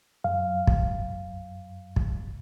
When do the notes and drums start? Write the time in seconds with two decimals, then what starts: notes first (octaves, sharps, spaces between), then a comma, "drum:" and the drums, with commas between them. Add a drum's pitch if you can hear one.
0.24 F#2 F5
0.67 drum: kick
1.96 drum: kick